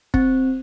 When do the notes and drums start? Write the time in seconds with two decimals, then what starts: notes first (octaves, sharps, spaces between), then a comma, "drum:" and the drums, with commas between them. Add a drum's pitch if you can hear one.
0.14 C4, drum: kick